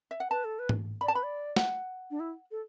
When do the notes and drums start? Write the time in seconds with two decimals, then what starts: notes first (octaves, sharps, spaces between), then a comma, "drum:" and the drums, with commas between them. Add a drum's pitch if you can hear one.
0.11 E5
0.20 F#5
0.30 B4 A5
0.45 A4
0.59 B4
0.69 drum: tom G#2
1.01 D5 B5
1.08 A5
1.14 B4 B5
1.23 D5
1.56 F#5, drum: snare
2.11 D4
2.20 E4
2.51 A4